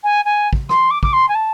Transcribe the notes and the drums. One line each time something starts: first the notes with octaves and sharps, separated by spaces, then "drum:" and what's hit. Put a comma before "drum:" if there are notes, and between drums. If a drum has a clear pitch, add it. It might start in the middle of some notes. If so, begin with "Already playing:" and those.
G#5
G#5
drum: kick
C6, drum: rim click
D6
D6, drum: kick
C6
G#5
A5